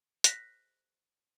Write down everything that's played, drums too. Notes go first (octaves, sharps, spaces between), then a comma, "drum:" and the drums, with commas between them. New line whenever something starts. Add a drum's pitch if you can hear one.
F#6 A#6 B6, drum: hi-hat